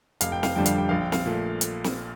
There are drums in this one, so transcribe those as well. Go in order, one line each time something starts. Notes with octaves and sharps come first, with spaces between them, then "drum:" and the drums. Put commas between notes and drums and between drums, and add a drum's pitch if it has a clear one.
F1 F5, drum: hi-hat
G5
F5, drum: snare
F2 D3 G3 D4 G5
F5, drum: hi-hat
G5
A#1 F5
G5
F5, drum: snare
A#2 A3
drum: hi-hat
drum: snare